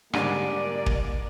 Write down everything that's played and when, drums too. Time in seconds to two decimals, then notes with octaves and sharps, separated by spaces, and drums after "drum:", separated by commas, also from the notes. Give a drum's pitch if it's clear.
0.13 G#2 D3 G3 A#3 D5 D6 D#7, drum: rim click
0.86 drum: kick